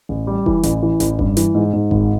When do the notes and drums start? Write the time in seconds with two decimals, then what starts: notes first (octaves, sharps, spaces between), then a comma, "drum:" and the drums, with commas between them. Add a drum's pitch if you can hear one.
0.09 A1
0.27 G3
0.46 E3, drum: kick F1
0.63 A1, drum: hi-hat
0.83 E3
1.00 A1, drum: hi-hat
1.19 G2, drum: kick F1
1.37 E3, drum: hi-hat
1.55 G#2
1.73 G#2
1.91 G#1, drum: kick F1